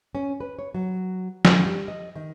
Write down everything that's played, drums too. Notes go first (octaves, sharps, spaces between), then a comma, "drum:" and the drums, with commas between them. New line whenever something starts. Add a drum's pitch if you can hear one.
C#4
B4
C#5
F#3
F2, drum: snare F#3
G3
D#5
D#3